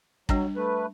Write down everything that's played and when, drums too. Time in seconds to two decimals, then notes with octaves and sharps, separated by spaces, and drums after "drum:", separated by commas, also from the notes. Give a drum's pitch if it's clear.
0.29 F#3 G3 D4 G5, drum: kick
0.56 A3 B4